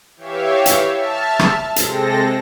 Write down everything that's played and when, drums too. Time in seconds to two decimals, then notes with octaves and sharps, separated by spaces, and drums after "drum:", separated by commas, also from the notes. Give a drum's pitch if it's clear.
0.16 E3 G4 C#5 E5 F5
0.66 drum: hi-hat
0.95 E5 A5 F6
1.39 drum: rim click
1.76 C3 G#3 C4 A4 A#6, drum: hi-hat